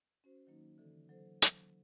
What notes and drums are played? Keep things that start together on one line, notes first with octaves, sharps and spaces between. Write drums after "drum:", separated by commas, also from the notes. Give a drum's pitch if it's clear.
C#4 F#4 C5
D#3 F#3 A#3 D#4
D3 E3 A4
F#3 A4 C5
F#3, drum: hi-hat